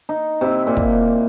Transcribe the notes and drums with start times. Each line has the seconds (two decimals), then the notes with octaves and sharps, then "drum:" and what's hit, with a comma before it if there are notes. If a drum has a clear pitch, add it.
0.09 D#4
0.41 C3 E4
0.67 A#2
0.77 drum: kick